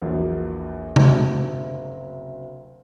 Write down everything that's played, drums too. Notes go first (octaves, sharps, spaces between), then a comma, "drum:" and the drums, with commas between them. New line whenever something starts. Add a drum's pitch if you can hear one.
A#1 E2 F#3 A#3
F#1 D2 C3 F#3, drum: tom C3